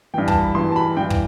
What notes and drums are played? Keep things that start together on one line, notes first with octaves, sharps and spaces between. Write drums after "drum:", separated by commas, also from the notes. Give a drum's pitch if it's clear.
G2 E3 G5
A5, drum: kick
B5
G2 E3 C6
A5
B5
G2 E3 G5
drum: kick